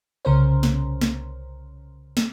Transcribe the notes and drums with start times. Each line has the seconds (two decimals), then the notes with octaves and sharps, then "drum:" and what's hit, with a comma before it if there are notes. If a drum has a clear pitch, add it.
0.25 C2 C#3 C#4 A#4 C5
0.63 drum: snare
1.01 drum: snare
2.17 drum: snare